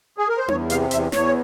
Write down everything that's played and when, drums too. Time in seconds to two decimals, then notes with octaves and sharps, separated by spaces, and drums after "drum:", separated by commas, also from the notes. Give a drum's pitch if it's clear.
0.18 G#4
0.29 A#4
0.38 C5
0.48 E2 C#5, drum: tom D4
0.70 C3 F5, drum: hi-hat
0.91 E2 E5, drum: hi-hat
1.12 E2 C#5, drum: snare